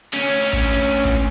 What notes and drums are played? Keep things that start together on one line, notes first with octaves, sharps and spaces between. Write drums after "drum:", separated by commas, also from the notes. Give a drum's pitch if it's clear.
D2 C#4
drum: kick
drum: kick